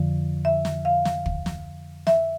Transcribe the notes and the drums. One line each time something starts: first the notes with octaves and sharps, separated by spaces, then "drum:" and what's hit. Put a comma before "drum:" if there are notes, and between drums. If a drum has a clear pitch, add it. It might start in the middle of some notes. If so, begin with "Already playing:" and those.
Already playing: F2 D3 F3
E5
drum: snare
F5
drum: snare
drum: kick
drum: snare
E5, drum: snare